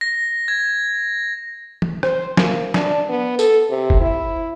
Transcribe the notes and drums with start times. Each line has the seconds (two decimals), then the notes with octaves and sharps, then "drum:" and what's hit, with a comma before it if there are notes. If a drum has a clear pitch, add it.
0.01 A#6
0.48 G#6
1.82 drum: tom
2.03 C5, drum: rim click
2.37 A#3, drum: snare
2.74 D4, drum: snare
3.09 B3
3.39 A4, drum: tambourine
3.70 C3
3.90 drum: kick F#1
4.01 E4